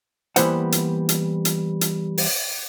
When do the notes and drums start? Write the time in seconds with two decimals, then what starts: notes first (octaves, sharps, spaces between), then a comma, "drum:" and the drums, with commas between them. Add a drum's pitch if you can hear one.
0.36 E3 G3 A#3 B3 C5 F#5, drum: hi-hat
0.72 drum: hi-hat
1.09 drum: hi-hat
1.45 drum: hi-hat
1.81 drum: hi-hat
2.18 drum: open hi-hat